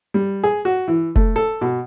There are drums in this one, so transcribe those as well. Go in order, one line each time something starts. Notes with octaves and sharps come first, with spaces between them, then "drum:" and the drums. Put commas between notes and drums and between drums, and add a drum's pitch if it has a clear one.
G3
G#4
F#4
E3
A3, drum: kick F1
A4
B2